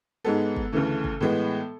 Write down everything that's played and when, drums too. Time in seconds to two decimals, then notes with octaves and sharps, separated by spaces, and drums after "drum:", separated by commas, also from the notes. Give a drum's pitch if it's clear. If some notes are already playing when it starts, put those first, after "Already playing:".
0.24 G#2 G#3 B3 A4
0.56 drum: kick
0.72 D2 C#3 E3 A3
1.04 drum: kick
1.21 A2 E3 G#3 B3